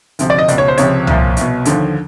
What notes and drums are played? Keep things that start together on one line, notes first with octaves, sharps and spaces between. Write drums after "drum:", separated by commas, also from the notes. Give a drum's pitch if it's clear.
D2 C3 F3, drum: hi-hat
D5
D#5
C#2 B2 D5, drum: hi-hat
C#5
C5
C#2 C3 F3 C#5, drum: hi-hat
C2 A#2 F3, drum: tom C2
C2 B2, drum: hi-hat
D#2 D3 F3, drum: hi-hat